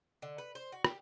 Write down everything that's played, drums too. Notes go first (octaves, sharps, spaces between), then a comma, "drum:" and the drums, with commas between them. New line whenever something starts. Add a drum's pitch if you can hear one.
D3
B4
C5
F#4
G4, drum: rim click